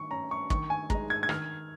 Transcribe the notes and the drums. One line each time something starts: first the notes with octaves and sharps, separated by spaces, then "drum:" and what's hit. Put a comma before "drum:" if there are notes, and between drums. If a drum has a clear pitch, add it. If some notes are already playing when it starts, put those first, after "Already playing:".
Already playing: D#3 C#6
C#4 A#5
C#6
D#3 C#6, drum: kick
G#5
G#3 D#4 A#5, drum: kick
G#6
G#6
D#3 F6, drum: rim click